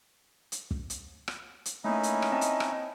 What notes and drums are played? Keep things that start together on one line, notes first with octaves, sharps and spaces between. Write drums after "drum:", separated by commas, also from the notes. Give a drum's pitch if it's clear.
drum: hi-hat
drum: kick
drum: hi-hat
drum: rim click
drum: hi-hat
A3 A#3 C#4 D#4 E4
drum: hi-hat
drum: rim click
C4 D#5 A5
drum: hi-hat
drum: rim click